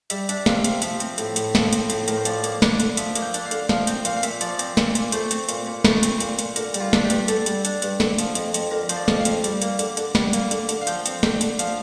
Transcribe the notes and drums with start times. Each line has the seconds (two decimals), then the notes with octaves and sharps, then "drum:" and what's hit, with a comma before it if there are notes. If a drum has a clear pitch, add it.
0.10 G3 E5, drum: hi-hat
0.29 D4 E5, drum: hi-hat
0.46 C3 F5, drum: snare
0.64 C3 F5, drum: hi-hat
0.82 F3 E5, drum: hi-hat
1.00 C4, drum: hi-hat
1.18 A2, drum: hi-hat
1.36 A2, drum: hi-hat
1.55 F3, drum: snare
1.73 C4, drum: hi-hat
1.90 A2, drum: hi-hat
2.08 A2 A#4, drum: hi-hat
2.17 C5
2.25 F3 D5, drum: hi-hat
2.44 A#3, drum: hi-hat
2.62 D4, drum: snare
2.80 D3, drum: hi-hat
2.97 F3 E5, drum: hi-hat
3.15 A#3, drum: hi-hat
3.22 G5
3.34 D4, drum: hi-hat
3.45 F5
3.51 D3, drum: hi-hat
3.69 F3 F5, drum: snare
3.87 C4 G5, drum: hi-hat
4.05 A#2 F5, drum: hi-hat
4.17 F5
4.23 A#2 E5, drum: hi-hat
4.41 F3 D5, drum: hi-hat
4.59 C4, drum: hi-hat
4.77 A#2, drum: snare
4.95 A#2, drum: hi-hat
5.12 A3 C5, drum: hi-hat
5.31 C4, drum: hi-hat
5.49 A#2, drum: hi-hat
5.67 A#2
5.84 A3, drum: snare
6.03 C4, drum: hi-hat
6.20 A#2, drum: hi-hat
6.39 A#2, drum: hi-hat
6.56 D3 A#4, drum: hi-hat
6.74 G3, drum: hi-hat
6.80 F4
6.93 D4, drum: snare
7.04 G4
7.10 G2, drum: hi-hat
7.28 D3 A4, drum: hi-hat
7.46 G3, drum: hi-hat
7.65 D4, drum: hi-hat
7.82 G2, drum: hi-hat
8.00 D3, drum: snare
8.19 F3, drum: hi-hat
8.35 F2, drum: hi-hat
8.54 F2, drum: hi-hat
8.71 D3 A#4
8.89 F3 C5, drum: hi-hat
8.96 D5
9.08 F2, drum: snare
9.20 F5
9.25 F2, drum: hi-hat
9.44 G3, drum: hi-hat
9.62 A#3, drum: hi-hat
9.79 D3, drum: hi-hat
9.97 D3, drum: hi-hat
10.15 G3, drum: snare
10.33 A#3, drum: hi-hat
10.51 D3, drum: hi-hat
10.69 D3, drum: hi-hat
10.81 F5
10.87 F3 G5, drum: hi-hat
11.06 C4, drum: hi-hat
11.23 D3 G5, drum: snare
11.41 D3, drum: hi-hat
11.59 F3 F5, drum: hi-hat